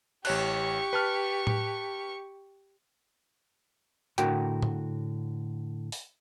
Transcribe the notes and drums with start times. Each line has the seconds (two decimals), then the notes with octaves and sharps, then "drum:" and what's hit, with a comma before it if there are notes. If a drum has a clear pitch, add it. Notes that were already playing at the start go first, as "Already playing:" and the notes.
0.25 A1 G4 C#5 C#6 F#6, drum: cymbal
0.93 B4 A5 F6
1.47 drum: tom A2
4.18 A2 D3 F#4 A#4 F#5 G5, drum: hi-hat
4.62 drum: tom A2
5.92 drum: open hi-hat